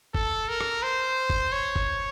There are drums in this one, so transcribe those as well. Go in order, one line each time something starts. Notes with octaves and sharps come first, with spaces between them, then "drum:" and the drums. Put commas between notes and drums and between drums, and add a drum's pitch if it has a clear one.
A4, drum: kick
A#4
drum: rim click
C5
drum: kick
C#5
drum: kick